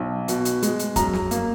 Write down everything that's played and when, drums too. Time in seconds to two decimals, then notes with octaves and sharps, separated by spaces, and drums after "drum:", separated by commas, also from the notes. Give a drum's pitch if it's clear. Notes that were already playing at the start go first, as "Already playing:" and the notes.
Already playing: B1
0.28 B2, drum: hi-hat
0.45 drum: hi-hat
0.62 G#3, drum: hi-hat
0.79 drum: hi-hat
0.96 F#2 A#5, drum: kick, hi-hat
1.13 drum: snare
1.31 A#3, drum: hi-hat